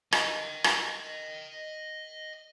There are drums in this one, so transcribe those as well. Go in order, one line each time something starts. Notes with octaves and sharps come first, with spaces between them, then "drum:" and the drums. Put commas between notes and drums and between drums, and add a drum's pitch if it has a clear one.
D#5 G5, drum: rim click
drum: rim click